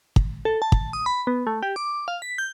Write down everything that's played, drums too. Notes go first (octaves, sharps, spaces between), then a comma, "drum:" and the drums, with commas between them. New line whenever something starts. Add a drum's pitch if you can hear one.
drum: kick
A4
A5
drum: kick
D#6
B5
B3
A3
G4
D6
F5
B6
G6